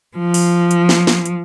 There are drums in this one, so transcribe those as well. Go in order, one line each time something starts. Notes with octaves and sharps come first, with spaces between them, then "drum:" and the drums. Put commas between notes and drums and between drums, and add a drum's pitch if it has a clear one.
F3
drum: open hi-hat
drum: hi-hat
drum: snare
drum: snare
drum: hi-hat